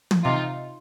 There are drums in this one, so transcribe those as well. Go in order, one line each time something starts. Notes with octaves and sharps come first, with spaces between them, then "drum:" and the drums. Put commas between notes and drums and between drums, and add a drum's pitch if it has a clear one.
drum: tom
C3 D#4 F4